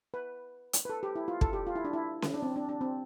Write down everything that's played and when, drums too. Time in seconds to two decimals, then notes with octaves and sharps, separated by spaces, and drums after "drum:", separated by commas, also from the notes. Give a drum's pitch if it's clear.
0.14 B4
0.73 drum: hi-hat
0.85 B4
0.90 A4
1.03 G4
1.15 E4
1.28 F4
1.41 A4, drum: kick
1.53 G4
1.67 F4
1.76 E4
1.85 D4
1.93 E4
2.22 drum: snare C#4
2.34 D4
2.42 C4
2.56 D4
2.69 D4
2.81 C4